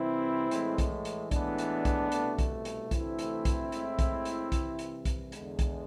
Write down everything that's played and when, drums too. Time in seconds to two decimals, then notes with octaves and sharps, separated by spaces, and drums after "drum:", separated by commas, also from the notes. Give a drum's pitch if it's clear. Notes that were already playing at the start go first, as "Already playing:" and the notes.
Already playing: C2 C3 E3 C4 E4
0.51 A2 E3 G#3, drum: hi-hat
0.78 drum: kick B1, hi-hat
1.05 drum: hi-hat
1.31 A2 E3 G#3 B3 D4, drum: kick B1, hi-hat
1.58 drum: hi-hat
1.85 drum: kick B1, hi-hat
2.12 C2 B2 A3, drum: hi-hat
2.39 drum: kick B1, hi-hat
2.65 drum: hi-hat
2.91 D2 C3 E3 A3 C4 E4, drum: kick B1, hi-hat
3.19 drum: hi-hat
3.45 drum: kick B1, hi-hat
3.72 A2 G#3, drum: hi-hat
3.99 drum: kick B1, hi-hat
4.25 drum: hi-hat
4.52 C2 C3 E3, drum: kick B1, hi-hat
4.79 drum: hi-hat
5.05 drum: kick B1, hi-hat
5.32 E2 D3 G#3, drum: hi-hat
5.59 drum: kick B1, hi-hat